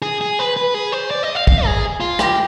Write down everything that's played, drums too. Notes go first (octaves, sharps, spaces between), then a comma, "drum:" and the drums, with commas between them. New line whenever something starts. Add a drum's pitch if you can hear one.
G#4
G#4
B4
B4
G#4
C5
D5
D#5
F5
F5, drum: kick
G#4
F4
G4, drum: rim click